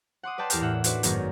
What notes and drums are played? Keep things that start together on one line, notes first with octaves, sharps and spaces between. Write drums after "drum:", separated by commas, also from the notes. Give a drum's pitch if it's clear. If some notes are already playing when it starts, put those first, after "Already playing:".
F#5 C6 D6 D#6
B4 D5 G5 A5 C6
E2 G4 A4 A#4 F6 G6, drum: hi-hat
A2 E5 F#5
D4 D#4 F#4 B4 C5 D5, drum: hi-hat
G#1 F#2 D#3 B3 G#4 A#4, drum: hi-hat